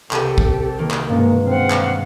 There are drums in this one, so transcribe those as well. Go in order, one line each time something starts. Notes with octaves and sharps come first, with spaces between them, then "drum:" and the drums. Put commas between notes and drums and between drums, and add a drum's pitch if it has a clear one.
C2 C3 G4 A4 D#7, drum: clap
drum: kick
D#3 A#3
drum: clap
G2 B2 G#3 A#3 C#4
C4 F5 F#5
drum: clap